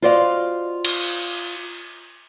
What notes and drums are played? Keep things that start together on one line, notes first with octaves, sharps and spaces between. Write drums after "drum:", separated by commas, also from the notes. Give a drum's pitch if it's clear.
F4 F#4 C5 D5 D#5 F5
drum: cymbal